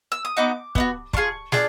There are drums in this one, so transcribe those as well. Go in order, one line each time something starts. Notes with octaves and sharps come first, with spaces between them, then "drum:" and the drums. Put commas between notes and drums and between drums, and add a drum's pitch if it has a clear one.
E6
D#6
B3 D#4 F#4 D6
B3 D#4 F#4, drum: kick
D4 F4 G#4 C#6, drum: kick
D4 F4 G#4, drum: snare